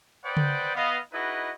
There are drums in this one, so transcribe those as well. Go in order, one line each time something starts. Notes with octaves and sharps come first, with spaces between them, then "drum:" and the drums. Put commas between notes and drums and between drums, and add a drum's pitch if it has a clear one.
B4 C5 D5 D#5 F#5 G5
drum: tom C#3
B3 D#5 F5
D#4 E4 F#4 G#4 B4 D#5